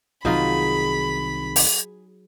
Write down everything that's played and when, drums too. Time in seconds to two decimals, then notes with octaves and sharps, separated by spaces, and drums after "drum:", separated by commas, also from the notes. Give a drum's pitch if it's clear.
0.25 C2 C3 D#3 F#3 D#4 F4 G#4 B5
1.56 drum: open hi-hat